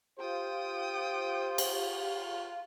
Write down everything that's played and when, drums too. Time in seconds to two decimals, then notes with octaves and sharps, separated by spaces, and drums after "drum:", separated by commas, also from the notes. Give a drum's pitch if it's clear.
0.19 F4 G4 C5 G5 D#6
1.58 drum: cymbal